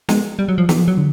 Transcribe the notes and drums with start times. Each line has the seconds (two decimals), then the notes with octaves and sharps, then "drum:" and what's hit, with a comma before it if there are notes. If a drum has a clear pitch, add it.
0.09 G#3, drum: snare
0.39 G3
0.49 F#3
0.58 F3
0.69 E3, drum: snare
0.78 F3
0.88 F#3
0.98 D3